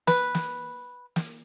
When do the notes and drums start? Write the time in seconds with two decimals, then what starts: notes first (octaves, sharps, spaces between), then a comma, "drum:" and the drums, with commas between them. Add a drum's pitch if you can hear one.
0.07 B4, drum: snare
0.35 drum: snare
1.16 drum: snare